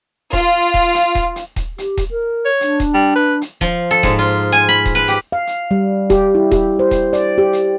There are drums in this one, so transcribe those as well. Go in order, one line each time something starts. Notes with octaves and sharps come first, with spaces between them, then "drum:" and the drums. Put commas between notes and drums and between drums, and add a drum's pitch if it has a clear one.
F4, drum: kick D#1, hi-hat
drum: kick D#1
drum: hi-hat
drum: kick D#1, hi-hat
drum: hi-hat
drum: kick D#1, hi-hat
G4, drum: hi-hat
drum: kick D#1, hi-hat
A#4
C#5
D4, drum: hi-hat
drum: kick D#1, hi-hat
G3
B4
drum: hi-hat
F3, drum: kick D#1, hi-hat
A4
G#2, drum: kick D#1, hi-hat
F4
G#5
B5
drum: kick D#1, hi-hat
B4
G4, drum: hi-hat
F5
drum: hi-hat
G3
G4, drum: kick D#1, hi-hat
E4
G4, drum: kick D#1, hi-hat
C5
drum: kick D#1, hi-hat
D5, drum: hi-hat
G4
drum: hi-hat